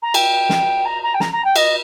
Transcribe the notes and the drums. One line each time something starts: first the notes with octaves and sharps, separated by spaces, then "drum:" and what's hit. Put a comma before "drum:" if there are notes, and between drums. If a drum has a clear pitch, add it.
A#5
G5, drum: cymbal
drum: snare
A#5
A#5
G5
A#5, drum: snare
A#5
G5
D#5, drum: cymbal